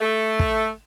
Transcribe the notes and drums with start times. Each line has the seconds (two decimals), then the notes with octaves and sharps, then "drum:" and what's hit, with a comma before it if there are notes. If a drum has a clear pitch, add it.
0.01 A3
0.39 drum: kick